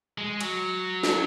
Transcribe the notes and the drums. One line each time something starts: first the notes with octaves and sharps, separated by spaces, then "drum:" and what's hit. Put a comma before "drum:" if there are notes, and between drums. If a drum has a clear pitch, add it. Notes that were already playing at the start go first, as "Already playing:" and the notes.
G#3
F#3, drum: cymbal
drum: snare